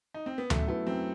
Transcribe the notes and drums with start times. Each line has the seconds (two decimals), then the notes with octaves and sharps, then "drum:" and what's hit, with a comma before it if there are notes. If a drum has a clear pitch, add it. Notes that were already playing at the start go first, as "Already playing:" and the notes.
0.14 D#4
0.26 C4
0.38 B3
0.50 F#2 A3, drum: tom D2
0.68 F#3 A3 B3 E4
0.86 F#2 C4